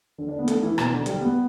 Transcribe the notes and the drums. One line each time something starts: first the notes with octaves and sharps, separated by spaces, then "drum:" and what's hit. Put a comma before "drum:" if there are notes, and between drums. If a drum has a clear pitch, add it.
D3
D4
B3
A3, drum: hi-hat
E3
B2, drum: rim click
D3
G3, drum: hi-hat
B3